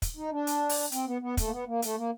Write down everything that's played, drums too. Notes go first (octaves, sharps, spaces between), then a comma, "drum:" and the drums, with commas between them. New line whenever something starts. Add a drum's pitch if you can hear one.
drum: kick, hi-hat
D#4
D4
drum: hi-hat
drum: open hi-hat
C4, drum: hi-hat
B3
B3
A3, drum: kick, hi-hat
A#3
B3
A#3
A3, drum: hi-hat
A#3